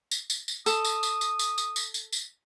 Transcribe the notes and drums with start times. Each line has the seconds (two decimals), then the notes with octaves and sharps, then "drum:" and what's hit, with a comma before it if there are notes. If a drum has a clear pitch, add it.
0.11 drum: tambourine
0.30 drum: tambourine
0.48 drum: tambourine
0.66 A4 D#6, drum: tambourine
0.85 drum: tambourine
1.03 drum: tambourine
1.21 drum: tambourine
1.39 drum: tambourine
1.58 drum: tambourine
1.76 drum: tambourine
1.94 drum: tambourine
2.13 drum: tambourine